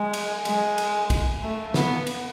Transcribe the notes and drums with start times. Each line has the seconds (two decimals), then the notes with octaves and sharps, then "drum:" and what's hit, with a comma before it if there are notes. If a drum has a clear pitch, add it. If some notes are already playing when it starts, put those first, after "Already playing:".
Already playing: G#3
0.13 drum: cymbal
0.45 G#3, drum: cymbal
0.78 drum: cymbal
1.10 drum: kick A#1, cymbal
1.43 A3
1.74 B3, drum: snare
2.07 drum: cymbal